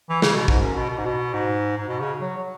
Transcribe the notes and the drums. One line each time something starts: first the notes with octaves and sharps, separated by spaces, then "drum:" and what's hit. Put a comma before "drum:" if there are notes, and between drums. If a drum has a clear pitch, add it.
E3
C#3, drum: snare
B2
G#2, drum: kick
F#2
B2
B2
G#2
B2
G#2
G#2
B2
C#3
F#3
F#3